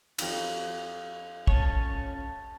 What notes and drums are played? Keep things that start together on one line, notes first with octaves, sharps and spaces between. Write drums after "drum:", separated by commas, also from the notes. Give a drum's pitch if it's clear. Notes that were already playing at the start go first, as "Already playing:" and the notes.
F2 A#5, drum: cymbal
C#4 C#5 A5, drum: kick